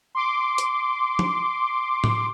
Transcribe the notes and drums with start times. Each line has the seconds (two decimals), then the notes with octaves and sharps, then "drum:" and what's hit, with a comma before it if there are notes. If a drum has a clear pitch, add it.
0.15 C6 D6
0.58 drum: hi-hat
1.19 drum: tom
2.04 drum: tom A2